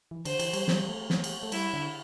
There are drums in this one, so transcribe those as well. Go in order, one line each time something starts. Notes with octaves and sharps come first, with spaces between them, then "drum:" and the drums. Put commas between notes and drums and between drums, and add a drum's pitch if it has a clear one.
E3
D3 C5, drum: cymbal
E3, drum: cymbal
G3, drum: cymbal
G3, drum: snare
A3
drum: snare
drum: cymbal
A3
G3 E4, drum: cymbal
D3